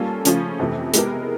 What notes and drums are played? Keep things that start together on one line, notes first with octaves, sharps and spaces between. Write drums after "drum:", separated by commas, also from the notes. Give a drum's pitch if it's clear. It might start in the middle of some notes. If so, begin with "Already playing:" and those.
Already playing: G3 A#3 C#4 F4 A4
C#3 F3 A3 C#4 F4, drum: hi-hat
F2 C3 E3 A3
G#3 B3 E4 G4 A#4, drum: hi-hat